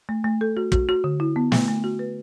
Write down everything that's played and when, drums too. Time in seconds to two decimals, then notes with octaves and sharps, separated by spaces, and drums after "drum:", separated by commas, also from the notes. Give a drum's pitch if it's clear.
0.09 A3
0.24 A3
0.41 A4
0.57 F#4
0.72 F#4, drum: kick
0.89 F#4
1.04 D3
1.20 E4
1.36 B3
1.52 A3, drum: snare
1.68 A3
1.84 F#4
1.99 B4